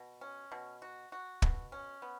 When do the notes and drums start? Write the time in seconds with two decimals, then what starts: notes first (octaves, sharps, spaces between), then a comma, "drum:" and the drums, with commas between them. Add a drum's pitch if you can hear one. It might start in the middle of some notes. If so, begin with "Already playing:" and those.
Already playing: B2
0.21 C#4
0.52 B2
0.82 F#4
1.12 F#4
1.42 B2, drum: kick
1.72 C#4
2.02 B3